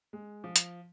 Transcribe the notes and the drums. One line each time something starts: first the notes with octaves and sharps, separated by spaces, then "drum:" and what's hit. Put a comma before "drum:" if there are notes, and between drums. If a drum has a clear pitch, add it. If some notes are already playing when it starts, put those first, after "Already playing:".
G#3
F3
drum: hi-hat